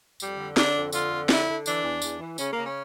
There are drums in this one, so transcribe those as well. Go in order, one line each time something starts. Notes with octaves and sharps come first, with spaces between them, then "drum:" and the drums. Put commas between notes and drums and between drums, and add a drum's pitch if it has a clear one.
F2 G3, drum: tambourine
D3
D3 D4, drum: snare
F2
D3 F4, drum: tambourine
F2
D3 E4, drum: snare
D3
E3 D4, drum: tambourine
E2
E2, drum: tambourine
E3
C#3 C#4, drum: tambourine
A#3
C#3
C#4